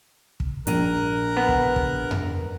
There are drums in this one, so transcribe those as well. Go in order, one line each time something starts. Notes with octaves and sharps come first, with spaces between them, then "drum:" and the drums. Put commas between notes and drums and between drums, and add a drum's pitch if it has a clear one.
drum: kick
A#1 A#4 A#5 F#6 D#7, drum: hi-hat
B3
drum: kick
drum: kick
drum: tom F2